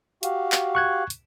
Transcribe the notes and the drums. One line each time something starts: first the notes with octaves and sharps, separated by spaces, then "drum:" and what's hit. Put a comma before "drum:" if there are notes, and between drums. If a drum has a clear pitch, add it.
F#4 G4 F5, drum: hi-hat
drum: clap
C#6 F#6 G#6
drum: hi-hat